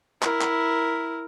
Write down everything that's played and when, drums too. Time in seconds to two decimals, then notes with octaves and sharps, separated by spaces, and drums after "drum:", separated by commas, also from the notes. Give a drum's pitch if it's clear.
0.22 E4 A#4, drum: clap
0.41 drum: clap